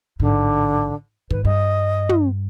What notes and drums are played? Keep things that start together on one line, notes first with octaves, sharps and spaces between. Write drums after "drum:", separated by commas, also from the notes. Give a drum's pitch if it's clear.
A1 G#2 D3
G#2 D#3 B4, drum: kick
G2 D#5
drum: tom